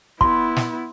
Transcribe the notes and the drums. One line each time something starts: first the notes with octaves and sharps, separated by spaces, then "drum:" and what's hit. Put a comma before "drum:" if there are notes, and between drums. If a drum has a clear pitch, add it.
B3 E4 C6, drum: kick
drum: snare